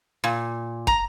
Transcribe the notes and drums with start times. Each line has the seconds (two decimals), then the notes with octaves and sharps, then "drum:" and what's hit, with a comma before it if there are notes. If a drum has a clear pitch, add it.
0.24 A#2
0.87 A#5, drum: kick